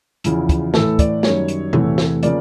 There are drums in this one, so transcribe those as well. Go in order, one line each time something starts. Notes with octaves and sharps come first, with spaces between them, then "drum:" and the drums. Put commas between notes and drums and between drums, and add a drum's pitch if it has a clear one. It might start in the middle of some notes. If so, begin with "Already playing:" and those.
E2 C#3 F3 E4, drum: hi-hat
drum: kick, hi-hat
A2 E3 A3 A4, drum: snare
D5, drum: kick, hi-hat
F#2 D#3 G3 C#5, drum: snare
drum: hi-hat
E2 C3 E3 A3, drum: tom A#2
drum: snare
C#3 F3 A#3 D5, drum: hi-hat